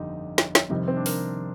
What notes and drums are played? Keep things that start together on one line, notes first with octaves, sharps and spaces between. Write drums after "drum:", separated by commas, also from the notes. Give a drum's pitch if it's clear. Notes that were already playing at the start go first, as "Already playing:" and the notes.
Already playing: G1 F2 D3 D#4 G4
drum: snare
drum: snare
F1 F2 C3 D#3 G3 D#4
C4
D4
A#4, drum: open hi-hat